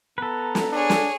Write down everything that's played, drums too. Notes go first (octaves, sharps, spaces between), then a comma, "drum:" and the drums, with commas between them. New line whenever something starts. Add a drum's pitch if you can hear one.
B3 A4 B4 A#5
drum: snare
D4 G#4 C#5
drum: snare